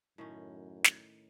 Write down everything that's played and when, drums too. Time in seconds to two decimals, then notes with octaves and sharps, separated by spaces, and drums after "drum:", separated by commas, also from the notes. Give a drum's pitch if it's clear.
0.18 F#2 A2 D#3 C#4
0.84 drum: snare